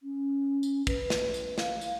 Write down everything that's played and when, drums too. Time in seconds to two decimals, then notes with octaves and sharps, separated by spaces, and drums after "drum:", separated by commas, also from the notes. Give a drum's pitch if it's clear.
0.03 C#4
0.63 drum: tambourine
0.87 B4, drum: kick, tambourine
1.10 drum: snare
1.34 drum: tambourine
1.58 F5, drum: snare
1.81 drum: tambourine